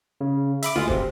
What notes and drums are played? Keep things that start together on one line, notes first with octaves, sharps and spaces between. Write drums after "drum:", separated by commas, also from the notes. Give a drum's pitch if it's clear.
C#3
E5 B5 D6, drum: hi-hat
D2 G#3 F4
G2 C3, drum: kick D#1